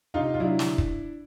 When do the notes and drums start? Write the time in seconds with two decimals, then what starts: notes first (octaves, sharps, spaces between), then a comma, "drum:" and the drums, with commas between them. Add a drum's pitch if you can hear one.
0.14 C3 D#4 F4
0.34 F4
0.40 F#3 D4 E4
0.59 drum: snare
0.78 drum: kick